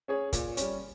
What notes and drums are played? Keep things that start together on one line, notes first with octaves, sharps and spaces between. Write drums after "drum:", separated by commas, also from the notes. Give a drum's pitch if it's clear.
C#4 G#4 C#5
A#2, drum: kick, hi-hat
G3 C#4, drum: hi-hat